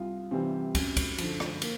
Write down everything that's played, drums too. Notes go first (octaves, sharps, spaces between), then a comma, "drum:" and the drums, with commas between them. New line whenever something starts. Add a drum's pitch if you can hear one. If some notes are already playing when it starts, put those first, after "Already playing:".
Already playing: C2 F4
C3 E3 G3 C4
F#2, drum: kick, cymbal
drum: kick, cymbal
D3 F3, drum: cymbal
drum: rim click
A#3, drum: cymbal